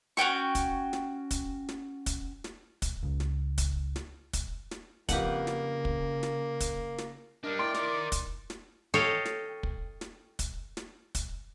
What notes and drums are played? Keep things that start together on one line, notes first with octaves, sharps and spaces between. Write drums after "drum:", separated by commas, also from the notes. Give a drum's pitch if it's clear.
C#4 F#4 G5 C#6, drum: snare
drum: kick, hi-hat
drum: snare
drum: kick, hi-hat
drum: snare
drum: kick, hi-hat
drum: snare
drum: kick, hi-hat
C#2
drum: snare
drum: kick, hi-hat
drum: snare
drum: kick, hi-hat
drum: snare
F2 C#3 A#3 G4 B4 F#5, drum: kick, hi-hat
drum: snare
drum: kick
drum: snare
drum: kick, hi-hat
drum: snare
G3 D4 A#4 D#5 F6
A3 E4 D5 G5 C6
D#4 A#4 D6, drum: snare
drum: kick, hi-hat
drum: snare
A4 C#5 D#5 F5 G5
drum: snare
drum: kick
drum: snare
drum: kick, hi-hat
drum: snare
drum: kick, hi-hat